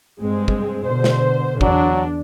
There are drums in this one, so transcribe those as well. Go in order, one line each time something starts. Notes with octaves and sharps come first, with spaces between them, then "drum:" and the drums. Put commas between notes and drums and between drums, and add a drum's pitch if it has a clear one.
G2 G#3 C4
drum: kick
B2 D3 C5
drum: snare
E2 F#3 D4, drum: kick